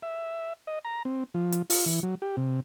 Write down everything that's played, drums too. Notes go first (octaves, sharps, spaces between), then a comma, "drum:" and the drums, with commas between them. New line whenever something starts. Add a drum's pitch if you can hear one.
E5
D#5
A#5
C4
F3
drum: hi-hat
F4, drum: open hi-hat
E3
F#3
G4
C3